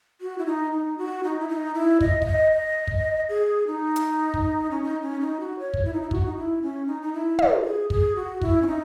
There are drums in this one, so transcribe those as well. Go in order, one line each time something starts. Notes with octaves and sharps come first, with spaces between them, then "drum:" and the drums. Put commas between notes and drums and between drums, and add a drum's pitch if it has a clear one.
F#4
E4
D#4
D#4
F#4
D#4
E4
D#4
E4
D#5, drum: kick
E5, drum: kick
D#5
D#5
drum: kick
G#4
D#4
drum: hi-hat
drum: kick
C#4
D#4
C#4
D#4
F#4
C#5
drum: kick
E4
D#4
E4
F#4, drum: kick
D#4
E4
C#4
D#4
D#4
E4
drum: tom
G#4
G#4, drum: kick
F#4
E4, drum: kick
C#4
D#4